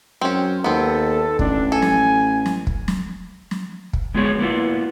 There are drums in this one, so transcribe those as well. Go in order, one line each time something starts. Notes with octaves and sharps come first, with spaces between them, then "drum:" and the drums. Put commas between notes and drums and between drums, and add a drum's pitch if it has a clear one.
F#2 C4 C#4
D#2 B3 C4 A4
A1 D4, drum: kick
A4 G#5
drum: snare
drum: snare
drum: kick
drum: snare
drum: snare
drum: kick
G#3 B3 F4 G#4 C#5
A#3 B3 E4 F4